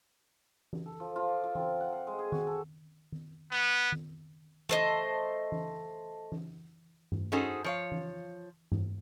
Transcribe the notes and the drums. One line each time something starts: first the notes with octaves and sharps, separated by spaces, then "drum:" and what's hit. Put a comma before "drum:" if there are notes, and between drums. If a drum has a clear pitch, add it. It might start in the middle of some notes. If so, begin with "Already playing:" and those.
drum: tom E3
A4
F3
F4
D5
F3
C4, drum: tom E3
F#5
F5
G#3
G#4
F#4, drum: tom D#3
A4
drum: tom D#3
B3
drum: tom D#3
A3 C5 D#5, drum: tom E3
drum: tom E3
drum: tom E3
drum: tom G2
C#4 D#4 F#4 G#4 A4 C5
F3 C#5 F5
drum: tom E3
drum: tom G2